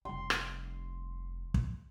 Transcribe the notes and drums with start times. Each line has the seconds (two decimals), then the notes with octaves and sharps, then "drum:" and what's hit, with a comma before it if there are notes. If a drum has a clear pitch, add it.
0.05 F1 G3 C6
0.30 drum: rim click
1.54 drum: kick